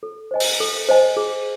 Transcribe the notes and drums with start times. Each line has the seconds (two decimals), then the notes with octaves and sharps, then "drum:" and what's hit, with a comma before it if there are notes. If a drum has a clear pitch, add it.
0.03 A4
0.31 C5 D#5 G#5
0.40 drum: open hi-hat
0.60 A4
0.89 C5 D#5 G#5
1.17 G#4